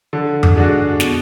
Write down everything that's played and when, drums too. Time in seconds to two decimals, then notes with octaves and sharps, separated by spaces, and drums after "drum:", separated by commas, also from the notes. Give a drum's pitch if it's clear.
0.13 D3
0.43 drum: tom F2
0.56 G#3 D4 F#4
1.00 B2, drum: snare